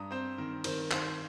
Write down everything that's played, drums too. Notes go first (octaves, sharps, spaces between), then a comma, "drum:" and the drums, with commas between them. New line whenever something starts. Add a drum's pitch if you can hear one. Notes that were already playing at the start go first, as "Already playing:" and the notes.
Already playing: G2 A#5 D#6
C4 C5
D#3 A#4
D#3 C5, drum: cymbal
D#3 C5 F5, drum: clap